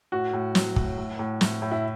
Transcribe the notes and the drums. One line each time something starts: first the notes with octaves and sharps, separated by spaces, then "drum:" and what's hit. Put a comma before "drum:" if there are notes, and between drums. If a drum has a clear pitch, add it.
A2 F#4
A2
F#3, drum: snare
A2, drum: kick
A2
A2
A2, drum: snare
A2
E4